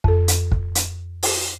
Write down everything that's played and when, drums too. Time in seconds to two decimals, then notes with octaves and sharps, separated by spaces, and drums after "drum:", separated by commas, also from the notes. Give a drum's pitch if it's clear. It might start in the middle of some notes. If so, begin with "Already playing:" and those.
0.04 F2 A4, drum: kick
0.28 drum: hi-hat
0.52 drum: kick
0.75 drum: hi-hat
1.23 drum: open hi-hat